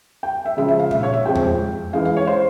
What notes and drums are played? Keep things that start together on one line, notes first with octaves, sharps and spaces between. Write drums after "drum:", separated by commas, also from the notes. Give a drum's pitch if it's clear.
G5
E5
C#3 F3 G#3 C#4 E5
E5
F5
E5, drum: tom A#2
C#5
E5
F3 G#3 C4 G5
drum: tom E2
E3 G#3 C#4 F5
F5
C#5
C5